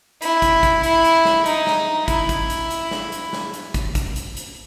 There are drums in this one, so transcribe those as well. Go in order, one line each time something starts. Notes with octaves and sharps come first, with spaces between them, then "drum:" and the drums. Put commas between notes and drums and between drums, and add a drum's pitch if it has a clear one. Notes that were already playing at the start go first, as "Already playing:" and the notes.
E4, drum: hi-hat
drum: kick, hi-hat
drum: kick, hi-hat
E4, drum: hi-hat
drum: hi-hat
drum: snare
D#4, drum: hi-hat
drum: snare
E4, drum: kick, hi-hat
drum: kick, hi-hat
drum: hi-hat
drum: hi-hat
drum: snare
drum: hi-hat
drum: snare
drum: hi-hat
drum: kick, hi-hat
drum: kick, hi-hat
drum: hi-hat
drum: hi-hat